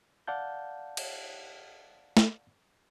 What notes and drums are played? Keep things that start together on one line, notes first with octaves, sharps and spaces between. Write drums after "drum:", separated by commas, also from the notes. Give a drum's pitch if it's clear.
D5 F5 F#5 A5 G6
drum: cymbal
drum: snare